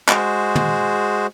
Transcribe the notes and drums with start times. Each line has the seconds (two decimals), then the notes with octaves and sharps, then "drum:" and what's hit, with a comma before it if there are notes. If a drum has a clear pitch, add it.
0.09 G#3 F#4 G#4 C5, drum: clap
0.55 drum: tom